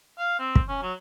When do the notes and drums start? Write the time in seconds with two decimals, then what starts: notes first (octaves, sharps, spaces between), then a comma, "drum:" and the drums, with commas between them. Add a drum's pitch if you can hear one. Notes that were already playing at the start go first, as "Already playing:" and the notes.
0.19 F5
0.39 C4
0.55 drum: kick
0.69 C#4
0.83 F#3